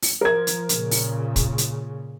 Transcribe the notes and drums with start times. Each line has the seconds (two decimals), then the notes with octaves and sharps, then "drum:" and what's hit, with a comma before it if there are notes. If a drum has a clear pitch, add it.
0.02 drum: open hi-hat
0.21 F3 A#4 G#6
0.47 drum: hi-hat
0.69 A#2 C#3, drum: hi-hat
0.91 drum: open hi-hat
1.36 drum: kick, hi-hat
1.58 drum: hi-hat